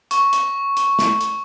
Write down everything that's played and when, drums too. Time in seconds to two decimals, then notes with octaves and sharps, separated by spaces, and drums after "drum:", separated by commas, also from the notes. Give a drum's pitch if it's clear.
0.11 C#6, drum: hi-hat
0.33 drum: hi-hat
0.77 drum: hi-hat
0.99 drum: snare
1.21 drum: hi-hat